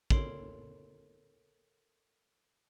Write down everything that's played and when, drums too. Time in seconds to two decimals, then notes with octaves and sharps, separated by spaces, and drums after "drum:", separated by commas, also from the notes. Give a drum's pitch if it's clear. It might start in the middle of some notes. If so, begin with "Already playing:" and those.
0.10 A4 A#4 C#5 C6 C7 D7, drum: kick